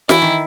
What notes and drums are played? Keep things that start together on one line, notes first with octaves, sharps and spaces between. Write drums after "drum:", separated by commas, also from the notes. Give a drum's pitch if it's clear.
E3 E4, drum: snare
D#3